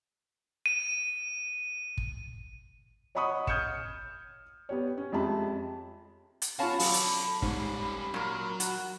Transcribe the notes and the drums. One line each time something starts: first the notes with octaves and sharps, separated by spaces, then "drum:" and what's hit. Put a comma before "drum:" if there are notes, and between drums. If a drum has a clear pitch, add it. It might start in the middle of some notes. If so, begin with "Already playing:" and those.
D#7
drum: kick
C#5 D#5 F#5 B5 C#6 D#6
D#6 F6 G6 G#6 C#7 E7, drum: kick
B3 G4 C#5
C#4
F2 G#3 G4 E5 A5 B5
drum: hi-hat
C#4 F4 F#4 F5 A5 B5
F#3 A4 D5, drum: open hi-hat
drum: hi-hat
G#2 G3 C#4, drum: kick
A#2 F#3 A#4
F#4, drum: hi-hat